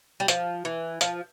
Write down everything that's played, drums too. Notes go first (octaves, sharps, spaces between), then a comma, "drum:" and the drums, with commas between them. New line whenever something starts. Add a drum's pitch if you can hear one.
G3
F3, drum: hi-hat
E3
F3, drum: hi-hat